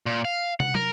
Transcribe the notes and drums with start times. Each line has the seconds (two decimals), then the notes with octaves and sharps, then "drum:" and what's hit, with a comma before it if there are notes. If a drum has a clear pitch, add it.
0.06 A#2
0.25 F5
0.60 F#5, drum: tom
0.75 A#4, drum: tom